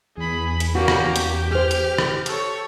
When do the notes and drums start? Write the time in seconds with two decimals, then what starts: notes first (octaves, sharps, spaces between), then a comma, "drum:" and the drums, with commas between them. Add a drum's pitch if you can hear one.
0.17 E2 G#4 B5
0.60 drum: hi-hat
0.75 A#3 C#4 F#4 G4
0.88 drum: rim click
1.16 drum: hi-hat
1.51 G#4 C5 F6
1.71 drum: hi-hat
1.98 drum: rim click
2.26 A4 C#5, drum: hi-hat